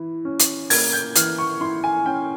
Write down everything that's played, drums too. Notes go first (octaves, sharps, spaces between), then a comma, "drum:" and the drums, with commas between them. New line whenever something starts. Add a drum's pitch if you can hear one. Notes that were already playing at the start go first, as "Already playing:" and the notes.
Already playing: E3 E4
C#4
drum: hi-hat
A#3 G#6, drum: open hi-hat
G6
E3 F6, drum: hi-hat
C#6
E4 C6
G#5
C#4 G5